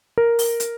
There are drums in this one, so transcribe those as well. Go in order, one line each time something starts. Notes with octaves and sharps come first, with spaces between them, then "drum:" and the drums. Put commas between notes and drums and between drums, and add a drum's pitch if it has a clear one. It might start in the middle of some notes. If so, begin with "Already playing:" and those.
A#4
drum: open hi-hat
drum: hi-hat